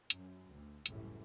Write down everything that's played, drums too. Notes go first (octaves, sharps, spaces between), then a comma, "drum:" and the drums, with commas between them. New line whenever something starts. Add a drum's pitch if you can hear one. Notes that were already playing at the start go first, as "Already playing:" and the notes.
F#2, drum: hi-hat
D2
F#1 C#2 F#2 A2 E3 G3, drum: hi-hat